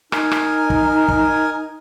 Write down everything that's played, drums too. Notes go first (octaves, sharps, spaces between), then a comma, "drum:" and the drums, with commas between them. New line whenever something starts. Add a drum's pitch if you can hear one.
D#4 A#4 G#5, drum: rim click
drum: rim click
drum: kick
drum: kick